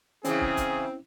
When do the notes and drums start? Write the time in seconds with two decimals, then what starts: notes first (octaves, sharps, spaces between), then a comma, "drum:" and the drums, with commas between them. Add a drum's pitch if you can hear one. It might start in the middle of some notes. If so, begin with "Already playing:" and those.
0.25 C#3 E3 C4 C#4 E4 G#4, drum: hi-hat
0.41 drum: kick
0.57 drum: kick, hi-hat